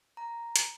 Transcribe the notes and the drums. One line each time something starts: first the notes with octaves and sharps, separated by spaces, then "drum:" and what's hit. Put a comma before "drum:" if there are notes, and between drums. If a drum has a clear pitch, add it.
A#5
drum: hi-hat